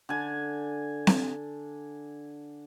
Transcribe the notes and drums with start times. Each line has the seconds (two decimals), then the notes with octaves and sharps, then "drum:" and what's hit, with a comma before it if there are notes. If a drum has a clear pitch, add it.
0.09 D3 G#5
1.07 drum: snare C4